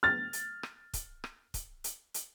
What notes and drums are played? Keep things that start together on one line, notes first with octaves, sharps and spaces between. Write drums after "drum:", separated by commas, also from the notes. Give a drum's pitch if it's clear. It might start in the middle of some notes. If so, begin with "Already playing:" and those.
F6 A6
drum: hi-hat
drum: rim click
drum: kick, hi-hat
drum: rim click
drum: kick, hi-hat
drum: hi-hat
drum: hi-hat